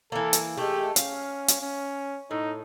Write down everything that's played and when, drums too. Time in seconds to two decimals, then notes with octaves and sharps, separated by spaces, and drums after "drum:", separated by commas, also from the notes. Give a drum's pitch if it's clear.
0.12 E3 A#3 A4
0.33 drum: hi-hat
0.57 G#3 A3 G4
0.96 C#4 F5, drum: hi-hat
1.48 drum: hi-hat
1.61 C#4
2.31 A2 D#4